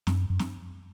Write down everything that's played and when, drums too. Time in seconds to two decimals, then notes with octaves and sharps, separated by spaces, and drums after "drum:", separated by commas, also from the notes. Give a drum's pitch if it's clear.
0.07 F#2, drum: snare
0.30 F#2
0.39 drum: snare